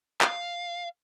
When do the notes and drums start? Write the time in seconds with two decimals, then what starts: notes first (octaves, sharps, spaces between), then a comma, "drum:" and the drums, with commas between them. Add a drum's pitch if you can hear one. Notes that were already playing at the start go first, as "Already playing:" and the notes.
0.21 F5, drum: clap